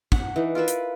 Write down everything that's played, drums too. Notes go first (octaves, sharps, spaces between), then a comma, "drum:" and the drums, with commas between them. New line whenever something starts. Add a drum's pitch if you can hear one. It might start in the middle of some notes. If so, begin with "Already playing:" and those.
F#5, drum: kick
E3 D#4
F4 A#4 B4 E5
drum: hi-hat